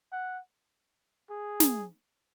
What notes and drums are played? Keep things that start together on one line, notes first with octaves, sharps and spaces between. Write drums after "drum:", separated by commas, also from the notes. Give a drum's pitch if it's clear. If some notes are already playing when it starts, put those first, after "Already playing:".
F#5
G#4
drum: snare